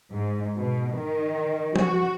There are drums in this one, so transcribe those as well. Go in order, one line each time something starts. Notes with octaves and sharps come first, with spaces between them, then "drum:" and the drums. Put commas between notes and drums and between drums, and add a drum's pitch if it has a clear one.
G#2
B2
D#3
F#4, drum: tom F3